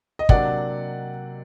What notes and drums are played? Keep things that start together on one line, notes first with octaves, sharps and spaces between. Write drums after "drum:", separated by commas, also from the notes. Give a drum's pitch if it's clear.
D#5
C3 F#3 A#3 D4 D5 F#5, drum: kick